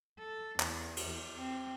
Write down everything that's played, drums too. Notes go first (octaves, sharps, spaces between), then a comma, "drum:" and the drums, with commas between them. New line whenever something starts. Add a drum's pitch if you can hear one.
A4
E2, drum: clap
drum: cymbal
C4